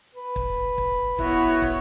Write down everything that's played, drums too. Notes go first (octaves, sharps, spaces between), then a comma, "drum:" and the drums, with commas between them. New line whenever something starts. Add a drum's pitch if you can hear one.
B4
drum: kick
drum: kick
B3 E4 F#4 C#5, drum: kick
drum: kick